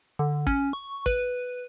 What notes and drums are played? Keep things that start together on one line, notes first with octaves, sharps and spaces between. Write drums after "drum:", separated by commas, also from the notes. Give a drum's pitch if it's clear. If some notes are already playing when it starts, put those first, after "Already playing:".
D3
C#4, drum: kick
C#6
B4, drum: kick